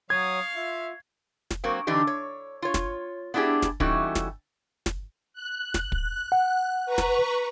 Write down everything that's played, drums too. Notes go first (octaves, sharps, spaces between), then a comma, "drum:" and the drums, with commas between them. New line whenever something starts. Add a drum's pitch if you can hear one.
F#3 C#5 F5 C#6 D#6 G#6
F4 E5
drum: snare
F#3 A#3 C4
D3 E3 D4 D#4 G4
C#5
F4 C#5
drum: snare
B3 D4 E4 G4 G#4
drum: snare
E3 G3 A3 C#4 D#4 F#4, drum: kick
drum: snare
drum: snare
F#6
drum: snare
drum: kick
F#5
B4 A#5 C#6
drum: snare